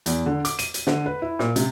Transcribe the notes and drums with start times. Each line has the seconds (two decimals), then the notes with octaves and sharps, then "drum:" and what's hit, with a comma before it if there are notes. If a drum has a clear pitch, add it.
0.06 E2, drum: hi-hat
0.26 D3
0.45 D6, drum: hi-hat
0.59 D#7, drum: hi-hat
0.74 drum: hi-hat
0.87 D3, drum: snare
1.06 B4
1.22 E4
1.39 A#2, drum: snare
1.56 C3, drum: hi-hat